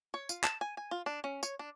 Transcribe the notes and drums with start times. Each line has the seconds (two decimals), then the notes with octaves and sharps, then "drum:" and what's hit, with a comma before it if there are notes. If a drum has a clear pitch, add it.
0.14 C#5
0.29 F4, drum: tambourine
0.44 A5, drum: clap
0.61 G#5
0.77 G#5
0.91 F4
1.06 D4
1.24 C#4
1.43 C#5, drum: tambourine
1.59 D4